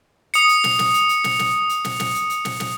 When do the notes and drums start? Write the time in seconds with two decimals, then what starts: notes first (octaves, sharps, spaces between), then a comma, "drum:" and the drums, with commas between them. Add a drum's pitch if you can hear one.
0.34 D#6 C#7, drum: hi-hat
0.49 drum: hi-hat
0.64 drum: snare
0.79 drum: snare
0.94 drum: hi-hat
1.09 drum: hi-hat
1.24 drum: snare
1.39 drum: snare
1.69 drum: hi-hat
1.85 drum: snare
2.00 drum: snare
2.15 drum: hi-hat
2.30 drum: hi-hat
2.45 drum: snare
2.60 drum: snare